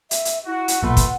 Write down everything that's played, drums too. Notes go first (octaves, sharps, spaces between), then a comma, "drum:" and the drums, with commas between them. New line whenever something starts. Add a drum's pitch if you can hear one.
E5, drum: hi-hat
drum: hi-hat
E4 F#4
drum: hi-hat
B1 A#2 A3 B4 F#5 C6
drum: kick, hi-hat